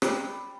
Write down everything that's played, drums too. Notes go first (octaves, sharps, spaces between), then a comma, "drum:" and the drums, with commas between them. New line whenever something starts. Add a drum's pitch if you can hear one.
G3, drum: rim click